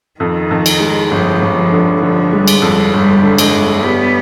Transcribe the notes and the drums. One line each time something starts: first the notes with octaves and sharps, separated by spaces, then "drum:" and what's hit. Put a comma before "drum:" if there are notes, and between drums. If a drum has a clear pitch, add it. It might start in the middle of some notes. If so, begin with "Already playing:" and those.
F2 D#3
F2
drum: cymbal
G#3
G1 F3
G1
F3
D3
D3 F3
G3 G#3
drum: cymbal
F2 G3
G1 G3
D3
G#3, drum: cymbal
G1
G3 B3